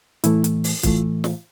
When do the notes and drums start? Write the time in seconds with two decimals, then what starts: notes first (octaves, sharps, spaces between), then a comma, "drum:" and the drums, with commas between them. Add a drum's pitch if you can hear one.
0.24 A2 E3 A3 E4, drum: hi-hat
0.44 drum: hi-hat
0.64 drum: open hi-hat
0.83 A2 E3 A3 F4, drum: kick, hi-hat
1.24 drum: snare